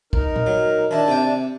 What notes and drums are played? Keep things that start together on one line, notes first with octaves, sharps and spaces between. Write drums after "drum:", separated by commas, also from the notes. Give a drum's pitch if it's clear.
D#4 A#4, drum: kick
drum: tom A#2
F#3
D#3 D4 E4 A5
C3 G5